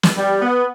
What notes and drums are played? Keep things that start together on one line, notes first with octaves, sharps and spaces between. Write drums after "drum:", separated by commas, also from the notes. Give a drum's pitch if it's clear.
drum: snare
G3
B3